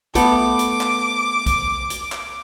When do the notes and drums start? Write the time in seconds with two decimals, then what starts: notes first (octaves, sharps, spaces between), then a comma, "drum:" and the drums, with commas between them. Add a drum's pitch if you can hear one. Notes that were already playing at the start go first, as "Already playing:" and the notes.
0.15 A3 B3 A4 D6, drum: kick B1, hi-hat
0.59 drum: hi-hat
0.81 drum: clap
1.46 drum: kick B1, hi-hat
1.90 drum: hi-hat
2.12 drum: clap